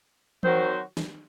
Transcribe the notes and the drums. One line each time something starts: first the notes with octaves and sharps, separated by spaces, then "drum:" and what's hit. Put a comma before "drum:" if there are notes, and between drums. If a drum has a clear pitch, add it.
D#3 F#3 C4 F#4 C5, drum: tom E3
drum: snare